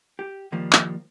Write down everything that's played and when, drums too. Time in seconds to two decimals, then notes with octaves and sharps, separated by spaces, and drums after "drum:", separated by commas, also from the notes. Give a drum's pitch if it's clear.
0.19 G4
0.52 D#3 F3 G3 A#3
0.73 drum: clap